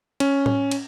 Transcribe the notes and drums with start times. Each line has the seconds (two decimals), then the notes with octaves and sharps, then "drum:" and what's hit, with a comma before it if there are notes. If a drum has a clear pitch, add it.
0.20 C#4, drum: cymbal
0.46 drum: tom A2
0.71 drum: cymbal